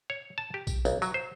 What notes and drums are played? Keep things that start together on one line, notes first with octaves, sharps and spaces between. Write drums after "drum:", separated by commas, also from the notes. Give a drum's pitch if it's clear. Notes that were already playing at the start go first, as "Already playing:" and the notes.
C#5
A5
G4
drum: kick A#1, tambourine
B1, drum: tambourine
F#3, drum: tambourine
C5